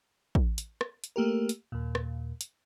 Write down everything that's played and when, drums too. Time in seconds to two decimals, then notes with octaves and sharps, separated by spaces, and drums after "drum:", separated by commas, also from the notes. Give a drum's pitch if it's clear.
0.35 drum: kick
0.58 drum: hi-hat
0.81 drum: rim click
1.04 drum: hi-hat
1.16 A3 A#3 G4 A#4
1.49 drum: hi-hat
1.72 D#2 A#2
1.95 drum: rim click
2.41 drum: hi-hat